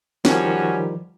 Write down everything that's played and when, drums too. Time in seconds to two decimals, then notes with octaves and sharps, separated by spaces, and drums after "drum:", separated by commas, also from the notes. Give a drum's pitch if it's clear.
0.25 F#2 D#3 F3 G3 C#4 F#4, drum: snare